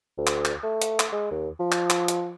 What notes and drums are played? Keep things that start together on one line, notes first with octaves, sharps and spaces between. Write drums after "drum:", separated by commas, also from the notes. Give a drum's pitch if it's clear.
D2
drum: clap
drum: clap
A3
drum: hi-hat
drum: clap
G#3
D#2
F3
drum: clap
drum: clap
drum: hi-hat